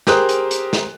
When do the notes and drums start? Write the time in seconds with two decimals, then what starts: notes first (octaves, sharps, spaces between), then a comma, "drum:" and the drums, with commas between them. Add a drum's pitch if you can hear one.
0.07 G4 G#4 A#4 C5 D#6 F#6, drum: snare
0.29 drum: hi-hat
0.51 drum: hi-hat
0.73 drum: snare